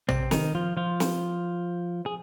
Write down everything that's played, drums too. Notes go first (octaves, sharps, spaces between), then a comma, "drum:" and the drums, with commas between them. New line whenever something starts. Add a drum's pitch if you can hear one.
C3 C4, drum: tom A#1
D#3 D#4, drum: snare
F3 F4
F3 F4
drum: snare
G#4